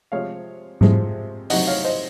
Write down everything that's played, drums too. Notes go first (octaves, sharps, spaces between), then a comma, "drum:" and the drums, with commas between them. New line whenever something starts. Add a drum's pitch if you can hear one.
C3 F3 G#3 C#5 F5
C3 F3 G#3, drum: tom G#2
C3 D#3 F#3 D#5 F#5, drum: open hi-hat
C#5 F5
C5 D#5